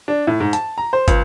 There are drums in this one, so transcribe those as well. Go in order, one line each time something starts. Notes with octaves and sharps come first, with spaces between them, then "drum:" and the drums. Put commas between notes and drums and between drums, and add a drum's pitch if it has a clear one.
D4
A2
G#2
A5, drum: hi-hat
A#5
C5
C#2, drum: kick, hi-hat